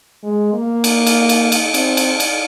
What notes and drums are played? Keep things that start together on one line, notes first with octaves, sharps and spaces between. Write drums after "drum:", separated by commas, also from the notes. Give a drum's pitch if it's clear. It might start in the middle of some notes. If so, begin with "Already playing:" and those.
G#3
A#3
drum: cymbal
drum: cymbal
drum: cymbal
drum: cymbal
C4, drum: cymbal
drum: cymbal
drum: cymbal